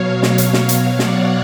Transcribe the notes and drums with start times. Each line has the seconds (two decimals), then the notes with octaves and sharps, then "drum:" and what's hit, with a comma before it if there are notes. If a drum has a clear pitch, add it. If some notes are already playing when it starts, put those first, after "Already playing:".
Already playing: B2 F#3 C#5 F5
0.23 drum: snare
0.38 drum: hi-hat
0.53 drum: snare
0.69 C#5 F5, drum: hi-hat
0.99 D5 F#5, drum: snare